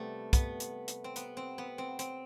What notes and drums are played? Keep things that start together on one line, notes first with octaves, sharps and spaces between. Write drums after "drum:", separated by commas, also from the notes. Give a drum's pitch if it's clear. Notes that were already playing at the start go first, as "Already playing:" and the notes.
Already playing: C3 G3 A3 B3
B3, drum: kick, hi-hat
drum: hi-hat
drum: hi-hat
C4
B3, drum: hi-hat
C4
B3
C4
C4, drum: hi-hat